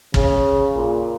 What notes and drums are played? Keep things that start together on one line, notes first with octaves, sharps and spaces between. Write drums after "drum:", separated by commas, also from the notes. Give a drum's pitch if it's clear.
C#3, drum: kick
A#2